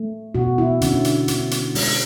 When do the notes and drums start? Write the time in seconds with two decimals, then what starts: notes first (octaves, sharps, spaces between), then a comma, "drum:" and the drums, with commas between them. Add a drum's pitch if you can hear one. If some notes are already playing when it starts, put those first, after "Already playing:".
Already playing: A3
0.35 B2 F#4
0.58 E4
0.81 D3 C#4, drum: hi-hat
1.04 drum: hi-hat
1.28 D3, drum: hi-hat
1.51 drum: hi-hat
1.75 G#3, drum: open hi-hat